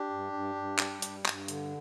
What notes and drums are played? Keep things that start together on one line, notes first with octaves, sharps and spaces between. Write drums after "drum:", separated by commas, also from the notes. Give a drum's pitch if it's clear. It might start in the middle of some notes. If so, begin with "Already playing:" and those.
Already playing: D4 G4
G2
G2
G2
G3, drum: clap
G2, drum: hi-hat
G2, drum: clap
D3, drum: hi-hat